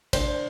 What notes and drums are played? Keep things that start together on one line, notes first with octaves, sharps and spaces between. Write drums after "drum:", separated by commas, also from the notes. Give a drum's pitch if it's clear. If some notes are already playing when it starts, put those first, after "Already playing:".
D4 C5, drum: kick, cymbal